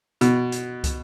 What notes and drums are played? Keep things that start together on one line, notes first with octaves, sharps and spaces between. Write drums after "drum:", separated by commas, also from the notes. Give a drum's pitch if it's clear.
B2, drum: hi-hat
drum: hi-hat
drum: kick, hi-hat